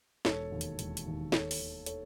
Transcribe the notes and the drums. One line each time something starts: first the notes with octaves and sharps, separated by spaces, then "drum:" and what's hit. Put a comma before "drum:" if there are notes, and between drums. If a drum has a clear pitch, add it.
E1 A4 C#5, drum: snare
D#2 D#3
drum: hi-hat
E1, drum: hi-hat
drum: hi-hat
D#2 D#3
D#2 A4 C#5, drum: snare
drum: open hi-hat
D#3
A4 C#5, drum: hi-hat